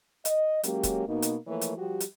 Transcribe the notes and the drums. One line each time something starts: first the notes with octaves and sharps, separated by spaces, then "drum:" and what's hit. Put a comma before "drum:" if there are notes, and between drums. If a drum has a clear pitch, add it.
D#5, drum: hi-hat
F#3 G#3 A#3 C#4 G4, drum: hi-hat
drum: kick, hi-hat
B2 A#3 D#4
drum: hi-hat
E3 F3 A3 A#3 E4 C#5
drum: hi-hat
F3 G3 F#4 G4
drum: hi-hat